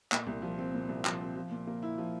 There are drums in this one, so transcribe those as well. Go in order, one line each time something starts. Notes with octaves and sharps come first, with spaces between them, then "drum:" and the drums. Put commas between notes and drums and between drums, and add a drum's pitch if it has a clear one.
A#2, drum: clap
C2
F3
C4
A#2
C2
F3, drum: clap
C4
F3
A#2
A#3
E4
F3